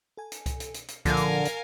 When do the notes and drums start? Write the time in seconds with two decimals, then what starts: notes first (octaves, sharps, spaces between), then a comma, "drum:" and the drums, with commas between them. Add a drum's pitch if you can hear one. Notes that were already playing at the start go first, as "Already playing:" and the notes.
0.17 A4 G#5
0.32 drum: hi-hat
0.46 drum: kick C2, hi-hat
0.60 drum: hi-hat
0.74 drum: hi-hat
0.88 drum: hi-hat
1.05 A#2 D3 F3 A4 A#4 F5 G#5, drum: kick C2, hi-hat
1.17 drum: hi-hat
1.45 drum: hi-hat